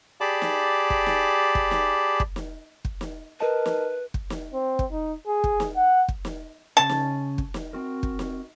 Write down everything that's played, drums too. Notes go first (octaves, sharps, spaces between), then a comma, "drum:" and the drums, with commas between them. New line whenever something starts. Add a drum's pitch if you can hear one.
G4 G#4 D5 A5 B5 D6
drum: snare
drum: kick
drum: snare
drum: kick
drum: snare
drum: kick
drum: snare
drum: kick
drum: snare
A#4 B4 D#5 A5
drum: snare
drum: kick
drum: snare
C4
drum: kick
D#4
G#4
drum: kick
drum: snare
F#5
drum: kick
drum: snare
C#3 C#4 G#4 A5
drum: snare
drum: kick
drum: snare
C4 F#4 A#4
drum: kick
drum: snare